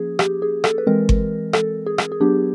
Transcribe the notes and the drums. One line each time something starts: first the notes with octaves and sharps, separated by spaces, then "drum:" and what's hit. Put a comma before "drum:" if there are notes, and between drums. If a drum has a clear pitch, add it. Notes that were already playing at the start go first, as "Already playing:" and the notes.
Already playing: F3 A#3 C#4 G#4
G4, drum: rim click
G#4
A4, drum: rim click
B4
E3 G#3 C4 A#4
drum: kick G1
A4, drum: rim click
G#4
drum: rim click
G#4
F#3 B3 D4 G4